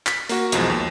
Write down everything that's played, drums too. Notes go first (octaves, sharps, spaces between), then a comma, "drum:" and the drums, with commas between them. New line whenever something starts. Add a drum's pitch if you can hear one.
B6, drum: clap
A#3 F#4, drum: open hi-hat
B1 E2 F3 G#3, drum: hi-hat
D#2